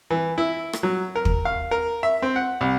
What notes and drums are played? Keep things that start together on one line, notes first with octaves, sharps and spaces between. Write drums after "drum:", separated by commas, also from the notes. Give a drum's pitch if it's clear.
E3
E4
drum: rim click
F#3
A#4
drum: kick
F5
A#4
E5
C4
F#5
C2